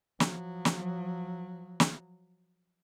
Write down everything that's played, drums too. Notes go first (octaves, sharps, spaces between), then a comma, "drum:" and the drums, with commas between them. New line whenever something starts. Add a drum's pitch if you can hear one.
F3 F#3, drum: snare
drum: snare
drum: snare